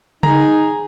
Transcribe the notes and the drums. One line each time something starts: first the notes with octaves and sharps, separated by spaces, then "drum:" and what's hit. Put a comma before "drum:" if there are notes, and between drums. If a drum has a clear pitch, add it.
D#4 G#4 A#5, drum: tom C#3